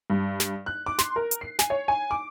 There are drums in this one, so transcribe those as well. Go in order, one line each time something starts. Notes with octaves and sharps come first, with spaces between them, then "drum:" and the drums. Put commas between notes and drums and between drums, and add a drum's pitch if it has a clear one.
G2
drum: snare
F#6
D6
C6, drum: snare
A#4
drum: hi-hat
C7
G#5, drum: snare
C#5
G#5
D6